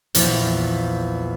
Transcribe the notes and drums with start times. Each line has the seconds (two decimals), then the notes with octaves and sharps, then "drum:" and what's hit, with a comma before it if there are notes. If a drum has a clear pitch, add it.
0.15 A#1 E2 F6 A6, drum: hi-hat